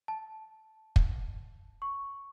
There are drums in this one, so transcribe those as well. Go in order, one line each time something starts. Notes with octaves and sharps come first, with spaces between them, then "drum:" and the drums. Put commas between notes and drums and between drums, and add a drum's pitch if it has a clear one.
A5
drum: kick
C#6